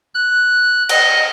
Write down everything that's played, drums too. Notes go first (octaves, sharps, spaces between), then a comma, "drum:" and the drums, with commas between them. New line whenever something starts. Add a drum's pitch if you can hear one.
F#6
D#5, drum: cymbal